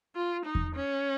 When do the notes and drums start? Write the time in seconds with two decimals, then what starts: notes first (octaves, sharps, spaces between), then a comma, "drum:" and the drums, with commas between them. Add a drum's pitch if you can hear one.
0.15 F4
0.45 D#4
0.55 drum: kick E2
0.75 C#4